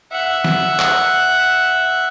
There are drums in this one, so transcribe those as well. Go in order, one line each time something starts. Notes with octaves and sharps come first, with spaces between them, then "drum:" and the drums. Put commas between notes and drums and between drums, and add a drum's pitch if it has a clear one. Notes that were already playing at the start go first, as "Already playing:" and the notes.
E5 F#5
drum: snare E3
drum: clap